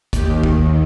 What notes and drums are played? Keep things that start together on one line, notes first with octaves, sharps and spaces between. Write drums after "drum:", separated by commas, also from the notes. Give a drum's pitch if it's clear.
D#2 D#3 G4, drum: kick G1, hi-hat
drum: kick G1